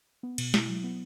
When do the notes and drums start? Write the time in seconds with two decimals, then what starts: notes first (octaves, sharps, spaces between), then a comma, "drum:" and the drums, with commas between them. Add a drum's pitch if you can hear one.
0.23 B3
0.38 B2, drum: cymbal
0.54 E4, drum: snare
0.69 F#3
0.84 B3